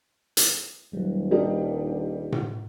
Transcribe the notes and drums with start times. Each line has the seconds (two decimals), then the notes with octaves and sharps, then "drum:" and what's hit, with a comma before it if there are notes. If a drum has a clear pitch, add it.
0.37 drum: hi-hat
0.93 D#1 F#3 G3
1.31 G3 D4 A#4 D#5
2.32 drum: tom A2